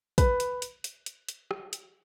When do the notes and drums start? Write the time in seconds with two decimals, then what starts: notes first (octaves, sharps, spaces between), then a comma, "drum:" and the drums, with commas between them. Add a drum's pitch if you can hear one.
0.18 B4, drum: kick, hi-hat
0.40 drum: hi-hat
0.62 drum: hi-hat
0.84 drum: hi-hat
1.06 drum: hi-hat
1.28 drum: hi-hat
1.51 drum: rim click
1.73 drum: hi-hat